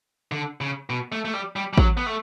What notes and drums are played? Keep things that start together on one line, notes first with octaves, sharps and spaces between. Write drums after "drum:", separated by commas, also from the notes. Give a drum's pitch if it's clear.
D3
C#3
B2
A3
A3
G3
G3
G3
F#3, drum: kick A1
B3
A3